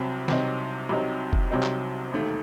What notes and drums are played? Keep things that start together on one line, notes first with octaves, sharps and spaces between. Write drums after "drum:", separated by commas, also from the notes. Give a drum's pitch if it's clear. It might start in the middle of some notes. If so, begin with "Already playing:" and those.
Already playing: C2 C3 F#3 C4
C2 C3 F#3 C4 D#4, drum: snare
C2 C3 F#3 C4 D#4
drum: kick F1
C2 C3 F#3 C4 D#4
drum: clap
E1 D#2 D#3 A3